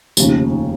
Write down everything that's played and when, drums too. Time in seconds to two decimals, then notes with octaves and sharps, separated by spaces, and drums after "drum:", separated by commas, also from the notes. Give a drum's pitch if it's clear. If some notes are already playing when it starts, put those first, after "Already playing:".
0.17 F1 D#2 C#3 F3, drum: tambourine